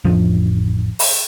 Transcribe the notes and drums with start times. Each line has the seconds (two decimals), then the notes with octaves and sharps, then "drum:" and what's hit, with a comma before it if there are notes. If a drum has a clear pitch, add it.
0.04 A1 F2 F3 D4
0.99 drum: open hi-hat